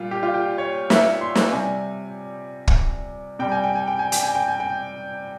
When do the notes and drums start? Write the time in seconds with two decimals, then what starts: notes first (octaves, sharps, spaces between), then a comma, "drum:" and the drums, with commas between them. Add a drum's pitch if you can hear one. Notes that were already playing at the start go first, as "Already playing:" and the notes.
Already playing: A#2 G3 F4
0.11 G4
0.23 F4
0.34 G4
0.58 C#5
0.90 E5, drum: snare
1.21 C6
1.35 drum: snare
1.52 C3 G3 G#5
2.68 drum: kick
3.39 C3 G3 G5
3.52 G#5
3.64 G5
3.75 G#5
3.87 G5
3.99 G#5
4.12 G5, drum: hi-hat
4.23 G#5
4.35 G5
4.48 G#5
4.60 G5